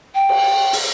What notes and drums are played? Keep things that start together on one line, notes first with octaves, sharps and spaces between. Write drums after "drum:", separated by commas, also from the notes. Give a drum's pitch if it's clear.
G5
drum: cymbal
drum: open hi-hat